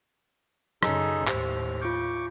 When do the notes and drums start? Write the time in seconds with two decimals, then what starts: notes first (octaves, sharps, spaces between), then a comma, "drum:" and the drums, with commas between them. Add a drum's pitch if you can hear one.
0.83 F#2 C#3 D#4 G#4 A4, drum: rim click
1.27 D#2 A2 G4 C5 E6 F6, drum: clap
1.82 F4 C#6 D6 G6